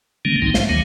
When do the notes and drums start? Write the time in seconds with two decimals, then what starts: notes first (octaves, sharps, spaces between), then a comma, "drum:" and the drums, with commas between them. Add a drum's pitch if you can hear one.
0.25 D3 D#3 G3 G#3 A#3 C#4
0.42 C2 G#2 D#3 G3 C4 D#4
0.54 C5 F5, drum: snare
0.69 D2 D#3 F#3 G#3